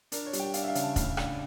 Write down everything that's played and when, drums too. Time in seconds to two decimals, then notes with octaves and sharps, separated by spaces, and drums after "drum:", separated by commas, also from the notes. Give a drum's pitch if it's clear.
0.12 D4 A#4, drum: hi-hat
0.26 C#5
0.33 G3, drum: hi-hat
0.40 G5
0.54 D4 F5, drum: hi-hat
0.64 E5
0.68 F5
0.75 C#3, drum: hi-hat
0.83 A5
0.96 A2 F5, drum: kick, hi-hat
1.17 D4 F5, drum: rim click